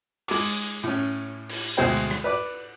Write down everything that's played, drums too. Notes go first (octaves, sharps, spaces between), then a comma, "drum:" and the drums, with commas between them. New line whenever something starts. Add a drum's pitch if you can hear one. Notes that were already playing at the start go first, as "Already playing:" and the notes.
G#3 D6, drum: cymbal
A2 C#4
drum: cymbal
D2 B2 G#3 C5 G5
drum: cymbal
drum: rim click
B4 D5 D6